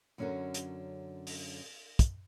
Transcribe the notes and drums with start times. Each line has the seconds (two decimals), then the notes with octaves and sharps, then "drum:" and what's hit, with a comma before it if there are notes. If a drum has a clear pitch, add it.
0.18 F#2 D3 C#4 E4 F#4 A#4
0.54 drum: hi-hat
1.27 drum: open hi-hat
1.99 drum: kick, hi-hat